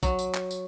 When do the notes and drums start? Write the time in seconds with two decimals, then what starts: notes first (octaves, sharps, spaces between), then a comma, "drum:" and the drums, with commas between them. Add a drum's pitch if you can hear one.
0.03 F#3, drum: kick, tambourine
0.19 drum: tambourine
0.35 drum: clap
0.51 drum: tambourine